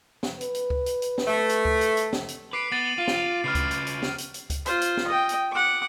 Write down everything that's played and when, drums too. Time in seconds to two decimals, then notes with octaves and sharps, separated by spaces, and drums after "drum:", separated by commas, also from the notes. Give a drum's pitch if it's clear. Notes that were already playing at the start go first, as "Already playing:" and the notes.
0.23 drum: snare
0.41 B4, drum: hi-hat
0.55 drum: hi-hat
0.70 drum: kick C#2
0.86 drum: hi-hat
1.02 drum: hi-hat
1.18 drum: snare
1.27 A3
1.49 drum: hi-hat
1.65 drum: kick C#2
1.81 drum: hi-hat
1.97 drum: hi-hat
2.13 drum: snare
2.28 drum: hi-hat
2.53 B4 D6 C7 D7
2.72 B3 A6 D#7 F#7
2.98 F4 C7 D#7
3.08 drum: snare
3.44 C#3 B4 F6 C7
3.55 drum: kick C#2, hi-hat
3.71 drum: hi-hat
3.87 drum: hi-hat
4.02 drum: snare
4.18 drum: hi-hat
4.34 drum: hi-hat
4.50 drum: kick C#2, hi-hat
4.66 F4 C5, drum: hi-hat
4.81 drum: hi-hat
4.97 drum: snare
5.08 D#5 G5
5.29 drum: hi-hat
5.52 F#5 D6